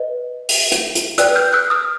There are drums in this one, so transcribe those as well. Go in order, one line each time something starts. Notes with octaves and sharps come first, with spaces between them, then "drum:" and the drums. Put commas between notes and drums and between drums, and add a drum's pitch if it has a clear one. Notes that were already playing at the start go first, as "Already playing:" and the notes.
Already playing: B4 D#5
drum: open hi-hat
drum: hi-hat
drum: hi-hat
B4 D5 G5 E6 F#6, drum: hi-hat
F6 G6
E6 F#6
D#6 F6